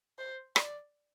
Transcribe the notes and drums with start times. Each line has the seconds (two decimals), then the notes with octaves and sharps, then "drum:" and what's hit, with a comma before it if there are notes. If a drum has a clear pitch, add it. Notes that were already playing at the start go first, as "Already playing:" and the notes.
0.18 C5
0.56 D5, drum: rim click